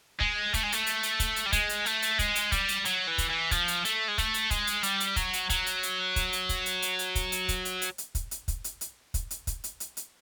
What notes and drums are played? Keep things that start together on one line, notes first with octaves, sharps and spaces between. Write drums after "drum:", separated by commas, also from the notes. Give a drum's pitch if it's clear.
G#3, drum: kick
A3, drum: kick, hi-hat
G#3
A3, drum: hi-hat
drum: hi-hat
drum: hi-hat
drum: kick, hi-hat
drum: hi-hat
G3
G#3, drum: kick, hi-hat
drum: hi-hat
A3, drum: hi-hat
drum: hi-hat
G#3, drum: kick, hi-hat
drum: hi-hat
G3, drum: kick, hi-hat
drum: hi-hat
F#3, drum: hi-hat
E3
drum: kick, hi-hat
E3
F3, drum: kick, hi-hat
drum: hi-hat
A3, drum: hi-hat
G#3
A3, drum: kick, hi-hat
drum: hi-hat
G#3, drum: kick, hi-hat
drum: hi-hat
G3, drum: hi-hat
drum: hi-hat
F#3, drum: kick, hi-hat
drum: hi-hat
F#3, drum: kick, hi-hat
drum: hi-hat
drum: hi-hat
drum: kick, hi-hat
drum: hi-hat
drum: kick, hi-hat
drum: hi-hat
drum: hi-hat
drum: hi-hat
drum: kick, hi-hat
drum: hi-hat
drum: kick, hi-hat
drum: hi-hat
drum: hi-hat
drum: hi-hat
drum: kick, hi-hat
drum: hi-hat
drum: kick, hi-hat
drum: hi-hat
drum: hi-hat
drum: kick, hi-hat
drum: hi-hat
drum: kick, hi-hat
drum: hi-hat
drum: hi-hat
drum: hi-hat